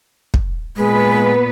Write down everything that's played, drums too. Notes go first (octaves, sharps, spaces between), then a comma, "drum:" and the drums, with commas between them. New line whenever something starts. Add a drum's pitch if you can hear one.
drum: kick
A#2 G#3 B3 B4